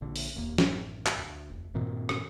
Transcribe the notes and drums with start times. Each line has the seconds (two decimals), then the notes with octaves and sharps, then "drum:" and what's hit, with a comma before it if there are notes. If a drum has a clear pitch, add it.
0.01 A#1 D3
0.16 drum: open hi-hat
0.34 D1 D#2 A#3
0.58 A1 F#2, drum: snare
1.06 drum: clap
1.18 D2
1.50 F1
1.74 G2 A#2 D#3 C4
2.09 drum: rim click